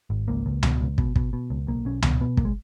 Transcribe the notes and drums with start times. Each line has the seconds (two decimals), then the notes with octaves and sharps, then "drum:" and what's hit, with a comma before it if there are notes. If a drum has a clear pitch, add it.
0.10 G#1
0.28 C#2 A#3
0.46 C#2
0.63 B2, drum: tom C#2
0.81 C#2
0.98 B2, drum: kick
1.16 B2, drum: kick
1.33 B2
1.50 C#2
1.67 B1 A#3
1.85 B1 C#4
2.02 B2 B3, drum: tom C#2
2.21 B2 B3
2.37 B1 A#3, drum: kick
2.45 G#3